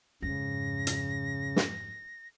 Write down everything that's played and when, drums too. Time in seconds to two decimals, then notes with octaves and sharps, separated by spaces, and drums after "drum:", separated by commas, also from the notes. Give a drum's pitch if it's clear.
0.22 F2 G#2 C#3 A#6
0.87 drum: hi-hat
1.56 drum: snare